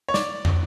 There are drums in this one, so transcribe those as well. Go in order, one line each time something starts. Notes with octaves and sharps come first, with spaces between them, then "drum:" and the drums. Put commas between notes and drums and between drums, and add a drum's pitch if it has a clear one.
C#5
D5, drum: snare
drum: tom